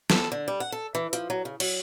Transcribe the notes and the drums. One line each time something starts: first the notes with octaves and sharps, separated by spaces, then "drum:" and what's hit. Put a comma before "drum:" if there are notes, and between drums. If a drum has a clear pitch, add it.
A4, drum: snare
D3
G3
F#5
A4
E3
F3, drum: hi-hat
F#3
C#3
F#3, drum: cymbal